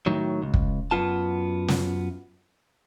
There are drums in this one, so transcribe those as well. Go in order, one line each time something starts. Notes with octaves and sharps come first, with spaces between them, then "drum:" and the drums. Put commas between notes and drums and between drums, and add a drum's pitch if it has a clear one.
A2 D#3 F#3
C#2
drum: kick
F#2 B3 F4 A5
drum: snare